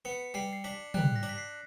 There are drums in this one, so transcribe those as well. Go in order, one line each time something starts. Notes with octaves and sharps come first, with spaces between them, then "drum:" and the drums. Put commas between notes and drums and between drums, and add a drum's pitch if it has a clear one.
B3 C#7
G3 C7
C7
D4 B6
G3 F#6, drum: tom
A#6
D4
B6
C7